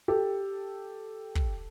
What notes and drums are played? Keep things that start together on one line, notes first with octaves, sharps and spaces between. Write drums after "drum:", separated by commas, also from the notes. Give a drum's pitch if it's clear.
G4 A4
drum: kick